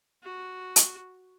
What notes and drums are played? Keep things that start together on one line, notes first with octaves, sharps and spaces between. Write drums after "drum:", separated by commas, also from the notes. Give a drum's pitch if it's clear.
F#4
drum: hi-hat